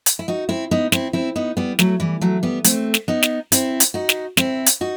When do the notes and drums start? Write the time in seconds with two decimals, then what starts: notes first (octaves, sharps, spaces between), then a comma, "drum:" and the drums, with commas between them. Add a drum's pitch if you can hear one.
0.06 drum: hi-hat
0.19 E4
0.28 D#4 F#4
0.49 C4 E4
0.71 B3 D#4
0.92 C4 E4, drum: snare
1.13 C4 E4
1.36 B3 D#4
1.57 G3 B3
1.79 F#3 A3, drum: snare
2.00 E3 G3
2.21 F#3 A3
2.43 G3 B3
2.64 A3 C4, drum: hi-hat
2.94 drum: snare
3.08 B3 D#4
3.23 drum: snare
3.52 C4 E4, drum: hi-hat
3.80 drum: hi-hat
3.94 D#4 F#4
4.09 drum: snare
4.37 C4 E4, drum: snare
4.66 drum: hi-hat
4.81 D#4 F#4